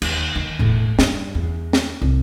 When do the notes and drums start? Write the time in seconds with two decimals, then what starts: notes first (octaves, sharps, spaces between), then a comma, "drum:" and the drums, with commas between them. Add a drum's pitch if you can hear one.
0.02 D#2, drum: cymbal
0.35 D#3
0.59 E1 A2
0.99 G2, drum: snare
1.35 E2
1.73 drum: snare
2.02 C2